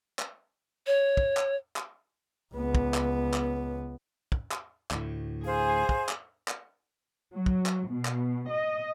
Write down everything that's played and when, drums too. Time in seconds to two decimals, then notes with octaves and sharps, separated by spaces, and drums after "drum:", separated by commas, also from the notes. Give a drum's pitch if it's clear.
0.19 drum: clap
0.87 C#5
1.17 drum: kick
1.37 drum: clap
1.76 drum: clap
2.55 C#2 B3
2.75 drum: kick
2.94 drum: clap
3.34 drum: clap
4.32 drum: kick
4.51 drum: clap
4.91 D2 A2, drum: clap
5.44 G#4 C5 F5 G#5
5.89 drum: kick
6.09 drum: clap
6.48 drum: clap
7.34 F#3
7.46 drum: kick
7.66 drum: clap
7.89 B2
8.05 drum: clap
8.48 D#5